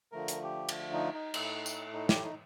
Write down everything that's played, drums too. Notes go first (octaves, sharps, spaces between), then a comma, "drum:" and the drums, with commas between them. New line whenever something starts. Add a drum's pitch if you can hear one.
D3 F3 A3 A#4
drum: hi-hat
G4
drum: cymbal
D#4
D#4
A2 A3, drum: cymbal
drum: tambourine
D#4
G4, drum: snare
D#4